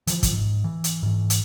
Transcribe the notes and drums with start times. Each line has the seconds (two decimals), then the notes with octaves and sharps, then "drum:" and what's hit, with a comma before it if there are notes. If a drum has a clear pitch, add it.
0.07 E3 F3, drum: hi-hat
0.23 drum: kick, hi-hat
0.33 G#2
0.64 E3
0.84 drum: hi-hat
1.03 G#2 E3
1.30 drum: hi-hat